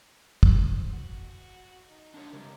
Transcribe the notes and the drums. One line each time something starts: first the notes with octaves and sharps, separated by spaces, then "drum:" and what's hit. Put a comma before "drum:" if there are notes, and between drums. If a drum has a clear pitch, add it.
C5, drum: kick
F#4
D#4
D4 A#4 C#5
C#3 G3 G#3 A#4